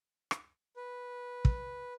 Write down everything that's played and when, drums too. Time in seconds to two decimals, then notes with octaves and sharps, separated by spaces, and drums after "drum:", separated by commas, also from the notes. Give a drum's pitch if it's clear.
0.31 drum: rim click
0.76 B4
1.45 drum: kick